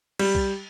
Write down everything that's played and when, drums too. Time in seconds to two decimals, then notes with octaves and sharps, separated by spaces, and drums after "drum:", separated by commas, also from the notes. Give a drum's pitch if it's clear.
0.19 G3, drum: cymbal
0.35 drum: kick